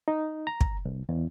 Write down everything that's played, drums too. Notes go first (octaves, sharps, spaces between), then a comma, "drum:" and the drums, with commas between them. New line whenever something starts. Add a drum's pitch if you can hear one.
D#4
A#5
drum: kick
C2
E2